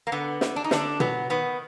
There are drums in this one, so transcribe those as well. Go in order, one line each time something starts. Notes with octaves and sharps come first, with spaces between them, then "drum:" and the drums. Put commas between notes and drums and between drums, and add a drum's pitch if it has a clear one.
A#3
D3 B3
D3, drum: snare
D4
D#4
D3 D4, drum: snare
F#3 B3, drum: tom B2
D#3 B3